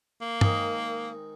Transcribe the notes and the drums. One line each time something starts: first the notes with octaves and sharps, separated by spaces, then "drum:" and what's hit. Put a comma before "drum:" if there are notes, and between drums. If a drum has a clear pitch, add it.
A#3
D#3 G#3 C4 D#4, drum: tom G2